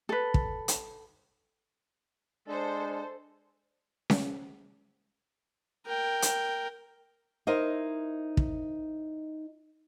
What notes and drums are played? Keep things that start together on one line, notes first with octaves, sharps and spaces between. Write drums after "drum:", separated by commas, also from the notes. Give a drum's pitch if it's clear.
A4 B4
drum: kick
drum: hi-hat
G#3 D4 A4 C5
drum: snare C#4
A#4 G5
drum: hi-hat
D#4 E4 A#4 C5 D#5
drum: kick